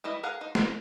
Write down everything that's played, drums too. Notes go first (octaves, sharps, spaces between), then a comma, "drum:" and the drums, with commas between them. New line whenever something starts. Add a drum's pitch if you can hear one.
E3 G3 E4 D#5
G#4 A#4 F5 F#5
D#4 C5
G#3, drum: snare